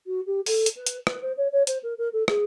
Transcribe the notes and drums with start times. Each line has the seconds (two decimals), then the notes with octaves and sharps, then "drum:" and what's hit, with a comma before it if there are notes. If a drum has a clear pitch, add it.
0.06 F#4
0.26 G4
0.46 A4, drum: open hi-hat
0.66 drum: hi-hat
0.76 B4
0.87 drum: hi-hat
1.07 B4, drum: rim click
1.22 C5
1.37 C#5
1.52 C#5
1.67 C5, drum: hi-hat
1.83 A#4
1.98 A#4
2.13 A4
2.28 G#4, drum: rim click